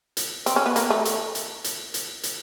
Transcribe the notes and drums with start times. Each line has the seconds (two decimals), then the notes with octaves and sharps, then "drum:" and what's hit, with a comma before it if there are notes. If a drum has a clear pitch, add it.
0.17 drum: hi-hat
0.46 C4, drum: hi-hat
0.56 C#4
0.66 B3
0.76 A#3, drum: hi-hat
0.90 A3
1.05 drum: hi-hat
1.35 drum: hi-hat
1.64 drum: hi-hat
1.94 drum: hi-hat
2.23 drum: hi-hat